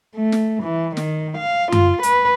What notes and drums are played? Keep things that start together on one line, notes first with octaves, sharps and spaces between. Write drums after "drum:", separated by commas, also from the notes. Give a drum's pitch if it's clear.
A3
drum: snare
E3
D#3, drum: snare
F5
F4, drum: tom F#2
B4, drum: hi-hat